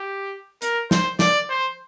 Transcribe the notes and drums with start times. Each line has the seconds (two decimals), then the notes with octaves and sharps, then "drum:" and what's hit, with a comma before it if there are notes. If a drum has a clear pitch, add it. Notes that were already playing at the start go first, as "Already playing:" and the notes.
Already playing: G4
0.62 A#4, drum: hi-hat
0.91 C5, drum: snare
1.19 D5, drum: snare
1.49 C5